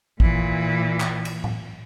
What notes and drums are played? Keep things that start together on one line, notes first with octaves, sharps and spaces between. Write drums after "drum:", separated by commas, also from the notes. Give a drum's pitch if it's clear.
A#2 E3, drum: kick
drum: clap
drum: cymbal
drum: tom A2